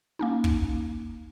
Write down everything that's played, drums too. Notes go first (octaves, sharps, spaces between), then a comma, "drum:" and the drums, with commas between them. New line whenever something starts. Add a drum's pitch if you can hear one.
A#3 C#4 D#4
drum: kick